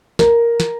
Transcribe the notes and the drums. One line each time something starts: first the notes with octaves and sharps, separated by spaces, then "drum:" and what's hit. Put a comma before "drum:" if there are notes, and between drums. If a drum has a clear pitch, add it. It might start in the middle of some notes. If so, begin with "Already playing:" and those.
A#4, drum: snare
drum: snare